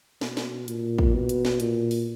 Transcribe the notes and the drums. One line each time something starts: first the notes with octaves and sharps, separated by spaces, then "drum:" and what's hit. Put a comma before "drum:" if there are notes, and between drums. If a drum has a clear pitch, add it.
B2, drum: snare
drum: snare
A#2, drum: hi-hat
drum: kick
B2
drum: hi-hat
drum: snare
A#2, drum: hi-hat
drum: open hi-hat